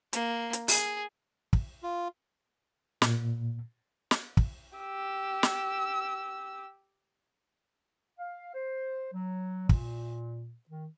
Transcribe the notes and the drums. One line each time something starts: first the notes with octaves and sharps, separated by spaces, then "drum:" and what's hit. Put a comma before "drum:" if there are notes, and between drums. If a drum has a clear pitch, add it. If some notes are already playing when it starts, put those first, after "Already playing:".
A#3, drum: hi-hat
drum: hi-hat
G#4, drum: open hi-hat
drum: kick
F4
A#2, drum: snare
drum: snare
drum: kick
G4 E6
drum: snare
F5
C5
F#3
A#2, drum: kick
D#3